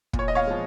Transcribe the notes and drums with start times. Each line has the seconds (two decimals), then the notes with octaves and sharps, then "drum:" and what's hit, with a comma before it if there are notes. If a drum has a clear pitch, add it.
0.13 A#2, drum: kick
0.19 C#5
0.28 D#5
0.35 C#5 F5
0.47 F3 G#3